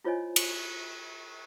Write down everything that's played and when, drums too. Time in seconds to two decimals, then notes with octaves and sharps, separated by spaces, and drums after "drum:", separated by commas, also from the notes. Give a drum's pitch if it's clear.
0.04 E4 F4 C5 C#5 D#5 G#5
0.36 drum: cymbal